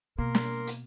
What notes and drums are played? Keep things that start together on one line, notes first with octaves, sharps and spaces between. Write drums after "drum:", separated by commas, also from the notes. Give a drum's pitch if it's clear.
B2 A#3 A#4 C6
drum: snare
drum: hi-hat